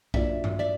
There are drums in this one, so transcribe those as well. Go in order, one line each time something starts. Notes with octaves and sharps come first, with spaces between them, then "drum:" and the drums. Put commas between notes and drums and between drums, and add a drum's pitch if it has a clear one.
F#3 A#3 D4 F4 D5 E5, drum: kick A#1
drum: tom G2
D5 E5